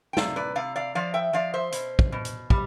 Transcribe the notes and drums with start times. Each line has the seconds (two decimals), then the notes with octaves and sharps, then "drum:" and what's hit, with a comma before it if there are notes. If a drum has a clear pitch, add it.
0.13 G5
0.17 C3 D5 F5, drum: snare
0.36 B4 D5
0.56 C3 D5 F5
0.76 D5 F5
0.95 F3 D5 F5
1.14 E5 G5
1.33 F3 D5 F5
1.54 C5 E5
1.72 B2, drum: hi-hat
1.99 drum: kick
2.12 B2
2.25 drum: hi-hat
2.50 G3, drum: kick